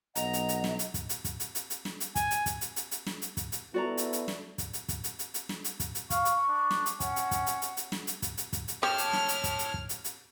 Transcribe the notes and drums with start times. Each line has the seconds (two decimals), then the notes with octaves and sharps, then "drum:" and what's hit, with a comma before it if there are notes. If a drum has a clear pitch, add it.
0.15 B1 D#5 F#5 A#5, drum: hi-hat
0.33 drum: hi-hat
0.49 drum: hi-hat
0.64 drum: snare
0.79 drum: hi-hat
0.94 drum: kick, hi-hat
1.09 drum: hi-hat
1.24 drum: kick, hi-hat
1.40 drum: hi-hat
1.55 drum: hi-hat
1.70 drum: hi-hat
1.85 drum: snare
2.00 drum: hi-hat
2.15 G#5, drum: kick, hi-hat
2.31 drum: hi-hat
2.46 drum: kick, hi-hat
2.61 drum: hi-hat
2.76 drum: hi-hat
2.91 drum: hi-hat
3.06 drum: snare
3.22 drum: hi-hat
3.37 drum: kick, hi-hat
3.52 drum: hi-hat
3.74 B3 E4 F#4 A4 D5 A#5
3.97 drum: hi-hat
4.13 drum: hi-hat
4.28 drum: snare
4.58 drum: kick, hi-hat
4.73 drum: hi-hat
4.89 drum: kick, hi-hat
5.04 drum: hi-hat
5.19 drum: hi-hat
5.34 drum: hi-hat
5.49 drum: snare
5.64 drum: hi-hat
5.80 drum: kick, hi-hat
5.95 drum: hi-hat
6.10 F5 C#6, drum: kick, hi-hat
6.25 drum: hi-hat
6.48 D4
6.71 drum: snare
6.86 drum: hi-hat
7.00 C#4 F#5, drum: kick, hi-hat
7.16 drum: hi-hat
7.31 drum: kick, hi-hat
7.46 drum: hi-hat
7.62 drum: hi-hat
7.77 drum: hi-hat
7.92 drum: snare
8.07 drum: hi-hat
8.22 drum: kick, hi-hat
8.37 drum: hi-hat
8.53 drum: kick, hi-hat
8.68 drum: hi-hat
8.83 G4 C#5 A5 F6
8.98 drum: hi-hat
9.13 drum: snare
9.28 drum: hi-hat
9.44 drum: kick, hi-hat
9.59 drum: hi-hat
9.74 drum: kick
9.89 drum: hi-hat
10.04 drum: hi-hat